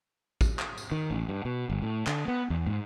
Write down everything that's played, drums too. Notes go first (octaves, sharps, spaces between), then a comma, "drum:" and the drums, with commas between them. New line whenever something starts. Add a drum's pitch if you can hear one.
drum: kick A1, tambourine
drum: clap
drum: tambourine
D#3
A1
G2
B2
G1
A2
D3, drum: clap
B3
E2
G#2